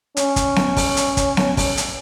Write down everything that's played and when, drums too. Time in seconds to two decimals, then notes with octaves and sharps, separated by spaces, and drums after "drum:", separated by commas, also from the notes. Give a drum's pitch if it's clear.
0.17 C#4, drum: hi-hat
0.36 drum: kick, hi-hat
0.56 drum: snare B3
0.77 drum: kick, open hi-hat
0.97 drum: hi-hat
1.17 drum: kick, hi-hat
1.37 drum: snare B3
1.57 drum: kick, open hi-hat
1.77 drum: hi-hat